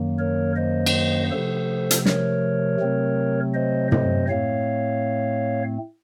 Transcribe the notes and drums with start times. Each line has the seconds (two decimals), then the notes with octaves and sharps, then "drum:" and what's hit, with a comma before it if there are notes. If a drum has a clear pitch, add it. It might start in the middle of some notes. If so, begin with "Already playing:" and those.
Already playing: F#2 D#3 F#3 A#3
0.19 A#4 C#5
0.56 C5 D#5
0.86 drum: cymbal
1.30 C3 F3 A3 A4 C5
1.91 drum: hi-hat
2.06 A#4 C#5, drum: snare
2.80 C3 F#3 A3 C4
3.54 C5 D#5
3.92 C5 D#5, drum: tom
4.29 A2 A3 C4 C#5 F5